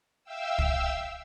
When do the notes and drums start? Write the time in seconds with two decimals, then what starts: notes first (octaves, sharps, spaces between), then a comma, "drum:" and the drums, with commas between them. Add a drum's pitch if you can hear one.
0.24 E5 F5 G5 E6
0.58 drum: kick